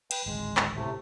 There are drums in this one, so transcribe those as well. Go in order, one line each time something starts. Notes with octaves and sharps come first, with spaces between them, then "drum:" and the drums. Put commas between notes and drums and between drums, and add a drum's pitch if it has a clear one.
B4 G5, drum: cymbal
D1 G#1 G#3
drum: clap
A2 C3 A3